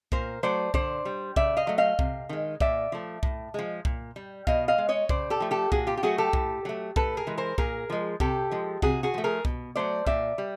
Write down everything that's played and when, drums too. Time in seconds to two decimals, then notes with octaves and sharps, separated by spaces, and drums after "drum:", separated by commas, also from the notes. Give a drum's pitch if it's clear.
0.12 A#2 A#4 C5, drum: kick C2
0.43 F#3 A3 C5 D5
0.74 D3 C5 D5, drum: kick C2
1.05 G3
1.36 C#3 D5 E5, drum: kick C2
1.57 D#5 F5
1.67 F#3 A3
1.78 D#5 F5
1.99 C3, drum: kick C2
2.29 D#3 G#3
2.60 A#2 D5 E5, drum: kick C2
2.92 F3 A3
3.23 A2, drum: kick C2
3.54 F3 G#3
3.85 A#2, drum: kick C2
4.16 G3
4.47 B2 D#5 F5, drum: kick C2
4.68 D#5 F5
4.78 G#3
4.89 C#5 D#5
5.09 C#3 C5 D5, drum: kick C2
5.30 G4 A4
5.40 F3 A3
5.51 G4 A4
5.72 A#2 F#4 G#4, drum: kick C2
5.87 F4 G4
5.97 G4
6.03 F#3 A3 F#4 G#4
6.18 G4 A4
6.33 A2, drum: kick C2
6.65 F#3 A3
6.96 A2 A4 B4, drum: kick C2
7.17 G#4 A#4
7.27 E3 G#3
7.38 A#4 C5
7.58 A#2 G#4 A#4, drum: kick C2
7.90 F3 G#3
8.20 C3 G4 A4, drum: kick C2
8.51 F3 G#3
8.82 C3 F#4 G#4, drum: kick C2
9.03 F#4 G#4
9.14 F3 A3
9.24 G#4 A#4
9.45 B2, drum: kick C2
9.76 F#3 A3 C5 D5
10.07 A#2 D5 E5, drum: kick C2
10.38 G3